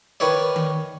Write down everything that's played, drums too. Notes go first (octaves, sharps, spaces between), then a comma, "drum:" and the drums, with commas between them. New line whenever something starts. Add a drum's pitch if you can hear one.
D#3 B4 C#5 D5
drum: tom D#3